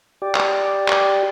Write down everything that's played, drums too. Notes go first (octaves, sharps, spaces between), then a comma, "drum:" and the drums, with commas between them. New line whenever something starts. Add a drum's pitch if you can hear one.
G4 D5
drum: clap
drum: clap